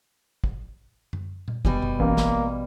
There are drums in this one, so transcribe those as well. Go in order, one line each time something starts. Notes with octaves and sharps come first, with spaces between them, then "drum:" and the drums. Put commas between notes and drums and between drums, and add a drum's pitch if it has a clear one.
drum: kick
drum: tom F#2
drum: tom A#2
F1 B2 G3 G#5, drum: kick
drum: tom F#2
A1 A#3
drum: snare